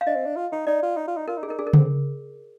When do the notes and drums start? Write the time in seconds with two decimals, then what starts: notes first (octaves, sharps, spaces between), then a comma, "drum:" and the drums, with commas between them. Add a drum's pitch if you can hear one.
0.01 F5
0.07 D4 D#5
0.16 C4
0.26 D4
0.36 F4
0.52 D#4
0.67 D#4 D5
0.83 F4
0.97 D#4
1.08 F4
1.17 D#4
1.28 F4 A#4
1.37 D#4
1.43 G#4
1.48 D#4
1.50 A#4
1.58 D4 G#4
1.67 A#4
1.73 C4 G#4, drum: tom C#3